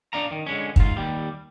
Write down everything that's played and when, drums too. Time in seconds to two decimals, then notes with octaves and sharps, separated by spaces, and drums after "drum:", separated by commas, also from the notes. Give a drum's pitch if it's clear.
0.13 D4 D5 F5 A#5
0.31 D#3
0.46 D3 G#3 C#4
0.76 G#2 F4, drum: kick
0.96 D#2 G3